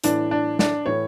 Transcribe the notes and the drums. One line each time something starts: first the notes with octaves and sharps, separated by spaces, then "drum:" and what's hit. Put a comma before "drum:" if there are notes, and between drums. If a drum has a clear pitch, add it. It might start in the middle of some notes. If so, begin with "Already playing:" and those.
A2 E3 D4, drum: hi-hat
D4
D4, drum: snare
A2 E3 C#5